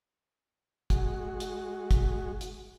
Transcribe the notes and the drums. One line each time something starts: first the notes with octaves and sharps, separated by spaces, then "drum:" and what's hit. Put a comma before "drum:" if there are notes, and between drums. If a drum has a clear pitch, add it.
G#3 F#4, drum: kick, hi-hat
drum: hi-hat
drum: kick, hi-hat
drum: hi-hat